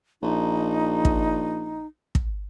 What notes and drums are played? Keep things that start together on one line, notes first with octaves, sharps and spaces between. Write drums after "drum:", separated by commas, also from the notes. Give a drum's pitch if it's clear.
A#1 D#4
drum: kick
drum: kick